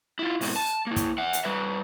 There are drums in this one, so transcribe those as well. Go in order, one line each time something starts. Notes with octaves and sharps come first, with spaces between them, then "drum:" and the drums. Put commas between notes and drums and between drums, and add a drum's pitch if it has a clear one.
E4 F4
G#2 B2 C4 E4, drum: open hi-hat
A5
A#3 E4
drum: kick, hi-hat
E5 F#5
drum: hi-hat
G3 B4 E5